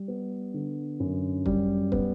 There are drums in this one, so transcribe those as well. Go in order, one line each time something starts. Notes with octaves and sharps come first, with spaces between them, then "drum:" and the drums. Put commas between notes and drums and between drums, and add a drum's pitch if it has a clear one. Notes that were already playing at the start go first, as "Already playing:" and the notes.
Already playing: G3
B3
D3
F#2
G3, drum: kick
B3, drum: kick